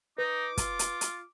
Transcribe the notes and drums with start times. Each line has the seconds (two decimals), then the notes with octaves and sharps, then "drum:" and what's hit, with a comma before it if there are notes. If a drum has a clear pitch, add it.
0.18 D#4 B4 D6
0.57 F4, drum: kick, hi-hat
0.79 drum: hi-hat
1.01 drum: hi-hat